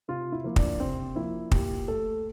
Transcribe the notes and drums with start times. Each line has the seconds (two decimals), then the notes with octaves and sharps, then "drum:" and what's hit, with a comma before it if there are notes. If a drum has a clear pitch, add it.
0.08 C3 F4
0.32 E4
0.44 F3 A#3
0.56 D4, drum: kick
0.80 C3 C4
1.16 F3 A#3 E4
1.52 A#2 G4, drum: kick
1.88 A3 A4